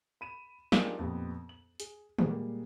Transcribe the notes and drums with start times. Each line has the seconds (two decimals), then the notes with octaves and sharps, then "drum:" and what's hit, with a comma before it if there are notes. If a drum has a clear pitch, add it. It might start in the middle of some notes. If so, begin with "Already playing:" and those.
0.21 B5 D#7 E7
0.72 D4 D#4 F4 G4 G#4 A#4, drum: snare
0.99 F2 A#2 B3 G4
1.49 F#7
1.80 G#4, drum: hi-hat
2.19 A#2 G3 G#3 A#3, drum: tom D3